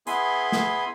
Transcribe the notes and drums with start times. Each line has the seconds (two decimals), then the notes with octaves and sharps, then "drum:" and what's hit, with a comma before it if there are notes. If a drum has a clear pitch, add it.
0.07 B3 E4 G#4 G#5 B5 C6, drum: hi-hat
0.52 drum: snare